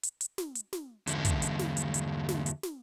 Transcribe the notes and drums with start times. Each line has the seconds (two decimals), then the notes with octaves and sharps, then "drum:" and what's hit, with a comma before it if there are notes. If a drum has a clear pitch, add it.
0.03 drum: hi-hat
0.21 drum: hi-hat
0.38 drum: snare
0.55 drum: hi-hat
0.73 drum: snare
1.07 E2 D3, drum: hi-hat
1.25 drum: kick, hi-hat
1.42 drum: hi-hat
1.59 drum: snare
1.77 drum: hi-hat
1.94 drum: hi-hat
2.29 drum: snare
2.46 drum: hi-hat
2.63 drum: snare